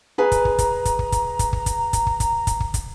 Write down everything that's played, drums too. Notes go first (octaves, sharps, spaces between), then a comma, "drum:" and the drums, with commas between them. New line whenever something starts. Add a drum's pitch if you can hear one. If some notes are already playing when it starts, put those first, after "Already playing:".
G#4 B4 G#5 A#5
drum: kick, hi-hat
drum: kick
drum: kick, hi-hat
drum: kick, hi-hat
drum: kick
drum: kick, hi-hat
drum: kick, hi-hat
drum: kick
drum: kick, hi-hat
drum: kick, hi-hat
drum: kick
drum: kick, hi-hat
drum: kick, hi-hat
drum: kick
drum: kick, hi-hat